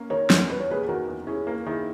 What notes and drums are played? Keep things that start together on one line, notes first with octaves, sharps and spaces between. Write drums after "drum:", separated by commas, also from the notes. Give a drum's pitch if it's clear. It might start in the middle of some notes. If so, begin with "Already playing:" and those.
Already playing: A#3 C#4
D#3 A#4 C#5
E2, drum: snare
C#4 B4
C#5
A#3 G#4 B4
D#3 F#4 A#4
E2
C#4 E4 G#4
A#3
D#3 E4 G#4